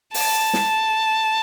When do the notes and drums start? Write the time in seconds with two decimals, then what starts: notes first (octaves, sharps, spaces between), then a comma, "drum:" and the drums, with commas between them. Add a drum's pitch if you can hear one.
0.14 A5, drum: open hi-hat
0.53 drum: snare